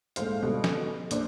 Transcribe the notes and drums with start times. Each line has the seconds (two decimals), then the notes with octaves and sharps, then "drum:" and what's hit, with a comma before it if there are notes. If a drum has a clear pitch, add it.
0.16 A#1 G#2 A3 C5 F5, drum: hi-hat
0.42 B2 D3 G3
0.64 drum: snare
1.11 A#1 D4 C5, drum: hi-hat